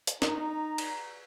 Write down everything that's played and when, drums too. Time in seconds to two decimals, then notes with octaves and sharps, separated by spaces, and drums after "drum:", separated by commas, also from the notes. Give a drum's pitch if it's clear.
0.07 drum: hi-hat
0.22 D#4 A#5, drum: snare
0.78 drum: cymbal